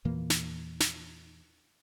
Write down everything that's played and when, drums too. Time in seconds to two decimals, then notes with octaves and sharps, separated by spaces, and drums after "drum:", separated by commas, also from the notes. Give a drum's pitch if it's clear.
0.05 E2 A#2 E3 A#3
0.30 drum: snare
0.80 drum: snare